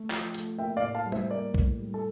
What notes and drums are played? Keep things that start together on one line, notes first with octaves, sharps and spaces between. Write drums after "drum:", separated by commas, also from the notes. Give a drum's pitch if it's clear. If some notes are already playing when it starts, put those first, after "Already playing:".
Already playing: A3
F3, drum: clap
A3, drum: hi-hat
A#3 E5 G5
D5 F5
A2
F5 A5
G3
C5 E5, drum: tom
A#3 A#4 D5
A2, drum: kick B1
G3
A4